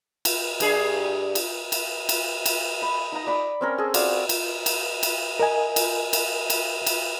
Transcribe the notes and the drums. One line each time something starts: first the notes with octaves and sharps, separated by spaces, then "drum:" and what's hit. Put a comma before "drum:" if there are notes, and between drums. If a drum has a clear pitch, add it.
drum: cymbal
G2 G#4, drum: cymbal
drum: cymbal
drum: cymbal
drum: cymbal
drum: cymbal
B5
D#4 A#5
D5 B5
C4 C#4 A#4
G#4 A4
F#4 D5 F5, drum: cymbal
drum: cymbal
drum: cymbal
drum: cymbal
A#4 D#5 G#5
drum: cymbal
drum: cymbal
drum: cymbal
drum: cymbal